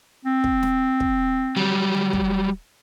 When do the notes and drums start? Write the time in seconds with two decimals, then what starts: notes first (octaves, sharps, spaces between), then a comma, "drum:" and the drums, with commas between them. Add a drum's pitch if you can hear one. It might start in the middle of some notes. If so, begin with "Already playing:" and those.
0.25 C4
0.44 drum: kick
0.63 drum: snare
1.00 drum: kick
1.56 F#3 G3, drum: tom D3
1.94 drum: tom D3
2.13 drum: kick